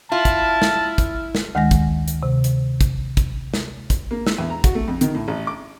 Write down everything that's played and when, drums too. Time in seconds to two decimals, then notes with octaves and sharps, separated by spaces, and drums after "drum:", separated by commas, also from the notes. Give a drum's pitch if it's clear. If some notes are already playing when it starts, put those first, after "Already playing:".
0.12 E4 F4 A5 F6
0.25 drum: kick, hi-hat
0.62 drum: snare
0.98 drum: kick, hi-hat
1.35 drum: snare
1.55 D2 D#3 G#3 F#5 A#6
1.71 drum: kick, hi-hat
2.08 drum: hi-hat
2.23 C3
2.44 drum: hi-hat
2.81 drum: kick, hi-hat
3.17 drum: kick, hi-hat
3.54 drum: snare
3.90 drum: kick, hi-hat
4.11 A#3
4.27 E6, drum: snare
4.38 E2
4.50 A#5
4.64 F#4, drum: kick, hi-hat
4.75 A3
4.88 F2
5.01 D#3, drum: hi-hat
5.15 A2
5.28 A1
5.47 D6